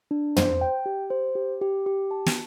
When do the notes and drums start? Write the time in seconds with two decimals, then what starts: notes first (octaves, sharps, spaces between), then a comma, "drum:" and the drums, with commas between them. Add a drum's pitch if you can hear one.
0.11 D4
0.36 C5, drum: tom
0.61 G5
0.86 G4
1.10 C5
1.35 G4
1.62 G4
1.86 G4
2.11 A5
2.26 drum: snare